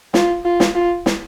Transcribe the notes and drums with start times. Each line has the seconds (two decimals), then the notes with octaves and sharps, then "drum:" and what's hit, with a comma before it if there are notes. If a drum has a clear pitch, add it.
0.14 F4, drum: snare
0.45 F4
0.60 drum: snare
0.75 F4
1.06 drum: snare